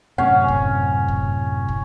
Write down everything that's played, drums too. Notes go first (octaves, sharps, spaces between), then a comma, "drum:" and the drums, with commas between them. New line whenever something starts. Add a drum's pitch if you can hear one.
F#2 A2 C3 C#4 F#5
drum: kick
drum: kick
drum: kick